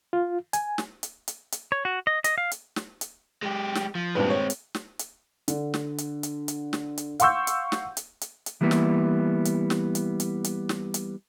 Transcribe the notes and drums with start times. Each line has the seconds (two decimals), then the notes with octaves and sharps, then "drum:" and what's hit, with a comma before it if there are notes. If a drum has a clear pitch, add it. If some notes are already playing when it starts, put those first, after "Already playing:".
0.13 F4
0.53 G#5, drum: hi-hat
0.78 drum: snare
1.03 drum: hi-hat
1.28 drum: hi-hat
1.52 drum: hi-hat
1.72 C#5
1.85 F#4
2.07 D#5
2.24 D#5, drum: hi-hat
2.38 F5
2.51 drum: hi-hat
2.76 drum: snare
3.01 drum: hi-hat
3.43 G#3 G4
3.75 drum: snare
3.95 F3
4.15 G2 A#2 G#3 C4 B4
4.30 C#5
4.50 drum: hi-hat
4.75 drum: snare
4.99 drum: hi-hat
5.48 D3, drum: hi-hat
5.74 drum: snare
5.98 drum: hi-hat
6.23 drum: hi-hat
6.48 drum: hi-hat
6.73 drum: snare
6.98 drum: hi-hat
7.20 F5 F#5 C6 C#6 E6 G6, drum: hi-hat
7.47 drum: hi-hat
7.72 drum: snare
7.97 drum: hi-hat
8.21 drum: hi-hat
8.46 drum: hi-hat
8.61 E3 G3 A#3 B3 E4
8.71 drum: snare
9.45 drum: hi-hat
9.70 drum: snare
9.95 drum: hi-hat
10.20 drum: hi-hat
10.44 drum: hi-hat
10.69 drum: snare
10.94 drum: hi-hat